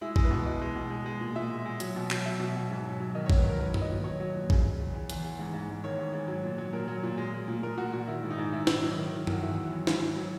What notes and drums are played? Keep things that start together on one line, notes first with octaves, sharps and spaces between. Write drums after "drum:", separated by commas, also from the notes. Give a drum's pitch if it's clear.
G#3 E4
G#3, drum: kick
B4
B2
B2 D#5
G#3
B2
G#3
G#3
A#2
A#2 E5
G#3
G#3
F#3, drum: hi-hat
B2
F#3, drum: clap
F#3 E5
B2
B2
G#2
F#3
F#3
D#3 D#5
C#5
G#2, drum: kick
B4
D#3 A#4
F#3 B4
F#3, drum: tom G2
D#5
A#2
F#3 C#5
F#3
A#2
C#3, drum: kick
C#3
E2
E2
E2, drum: hi-hat
E2
G#2
G#2
G#2
D#3 C#5
G#2
G#2
F#3
A#2
F#3
A#2 A#4
F#3
A#2
G#3
G#3
A#2
A#2 A#4
A#2 F#4
A#2 F#4
D#3 E4
G#2
D#4
G#2
G#2 E4
G#2, drum: snare
F#3
D#3
D#3
D#3, drum: tom G2
F#4
E2 E4
E2
F#3
G#2, drum: snare
F#3
F#3